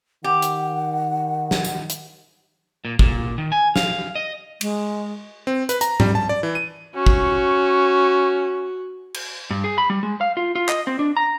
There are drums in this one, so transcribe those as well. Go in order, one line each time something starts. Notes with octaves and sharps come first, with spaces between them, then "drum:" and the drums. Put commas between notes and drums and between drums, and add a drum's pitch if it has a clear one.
D#3 G4 F#5
drum: hi-hat
drum: snare
drum: tambourine
drum: hi-hat
A#2
A#2, drum: kick
D#3
G#5
F5, drum: snare
D#5
G#3, drum: cymbal
C4
B4, drum: hi-hat
A#5, drum: hi-hat
G3, drum: tom G#2
A5
D5
E3
D#7
C#4 F#4
drum: kick
drum: cymbal
G2
G#4
B5
G3
G#3
F5
F4
F4
D#5, drum: clap
C4
D4
A#5